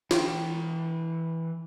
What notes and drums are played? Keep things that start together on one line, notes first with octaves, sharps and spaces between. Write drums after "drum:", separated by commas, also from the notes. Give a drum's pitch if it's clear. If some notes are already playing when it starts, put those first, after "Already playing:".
E3 G5, drum: snare